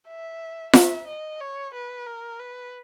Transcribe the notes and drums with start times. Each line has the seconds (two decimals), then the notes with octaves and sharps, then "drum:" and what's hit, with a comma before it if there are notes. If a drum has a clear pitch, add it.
0.08 E5
0.73 E5, drum: snare F4
1.07 D#5
1.40 C#5
1.74 B4
2.07 A#4
2.40 B4